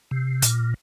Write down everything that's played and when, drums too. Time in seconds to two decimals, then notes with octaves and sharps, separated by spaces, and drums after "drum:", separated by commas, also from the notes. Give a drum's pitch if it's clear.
0.11 C3
0.42 A#2, drum: hi-hat